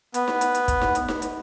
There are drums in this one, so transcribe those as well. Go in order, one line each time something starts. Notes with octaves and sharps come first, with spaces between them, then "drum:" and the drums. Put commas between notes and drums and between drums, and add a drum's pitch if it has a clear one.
B3, drum: hi-hat
drum: snare D#4
drum: hi-hat
drum: hi-hat
drum: kick, hi-hat
drum: snare D#4
drum: hi-hat
drum: snare D#4
drum: hi-hat